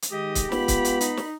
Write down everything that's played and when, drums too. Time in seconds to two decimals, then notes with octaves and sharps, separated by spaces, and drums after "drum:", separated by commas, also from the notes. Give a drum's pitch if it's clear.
0.02 drum: hi-hat
0.12 D#3 G#3 G4 D#5
0.35 drum: kick C#1, hi-hat
0.52 G#3 B3 F4 B5, drum: snare
0.68 drum: kick C#1, hi-hat
0.85 drum: hi-hat
1.01 D#4, drum: hi-hat
1.17 drum: snare